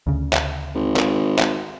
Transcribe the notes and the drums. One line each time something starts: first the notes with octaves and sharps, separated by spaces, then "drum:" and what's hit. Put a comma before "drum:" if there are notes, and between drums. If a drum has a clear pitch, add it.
D2 C#3
drum: clap
G#1
drum: clap
drum: clap